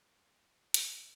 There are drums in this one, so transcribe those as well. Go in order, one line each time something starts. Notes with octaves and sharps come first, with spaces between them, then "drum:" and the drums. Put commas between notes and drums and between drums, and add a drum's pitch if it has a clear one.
G3 A#3 F4
F3
drum: hi-hat
C4 G4 D5